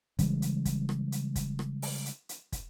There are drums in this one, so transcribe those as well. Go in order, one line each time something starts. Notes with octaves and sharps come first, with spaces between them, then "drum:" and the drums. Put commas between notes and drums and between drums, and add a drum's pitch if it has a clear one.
C#3 E3 G3 G#3, drum: kick, hi-hat
drum: hi-hat
drum: kick, hi-hat
drum: rim click
drum: hi-hat
drum: kick, hi-hat
drum: rim click
drum: open hi-hat
drum: hi-hat
drum: hi-hat
drum: kick, hi-hat